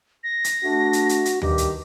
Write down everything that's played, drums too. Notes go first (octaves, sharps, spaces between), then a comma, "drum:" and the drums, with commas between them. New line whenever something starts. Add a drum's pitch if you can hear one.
A#6
drum: hi-hat
A3 D4 F#4
drum: hi-hat
drum: hi-hat
drum: hi-hat
G2 D#3 G4, drum: tom D2
drum: hi-hat